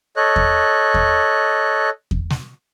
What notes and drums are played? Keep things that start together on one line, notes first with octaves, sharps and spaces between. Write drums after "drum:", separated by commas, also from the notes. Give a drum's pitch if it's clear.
A4 C#5 D#5 F#6
drum: kick E2
drum: kick E2
drum: kick E2
drum: snare